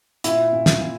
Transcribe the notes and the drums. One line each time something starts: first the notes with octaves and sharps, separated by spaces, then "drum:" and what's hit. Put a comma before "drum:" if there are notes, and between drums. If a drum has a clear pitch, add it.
A#2 E4, drum: hi-hat
A#2
drum: snare
A#2